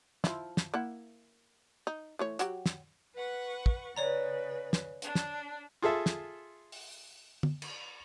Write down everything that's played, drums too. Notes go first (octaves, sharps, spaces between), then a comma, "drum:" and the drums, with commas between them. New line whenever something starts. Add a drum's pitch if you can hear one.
F3 E4, drum: snare
drum: snare
A#3 E4 F#5
D#4
E3 A3 C#5
F#3 F#4 G4, drum: hi-hat
drum: snare
B4 F#5 C#6
drum: kick
C#3 B4 C#5 D5 A#5
drum: snare
D4, drum: hi-hat
drum: snare
F4 G#4 A4 E5
drum: snare
drum: open hi-hat
drum: tom D3
drum: cymbal